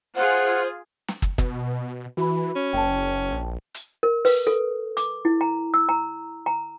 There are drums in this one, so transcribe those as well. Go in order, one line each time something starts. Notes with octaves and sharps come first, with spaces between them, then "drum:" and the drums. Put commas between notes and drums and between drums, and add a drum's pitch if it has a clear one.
F4 G#4 C5 F#5
drum: snare
drum: kick
B2, drum: kick
E3 F#4 B5
C#4
F#1 G5 A5
A#1
drum: hi-hat
A#4
B4, drum: open hi-hat
A4
D6, drum: hi-hat
E4
A#5
E6
A#5
A#5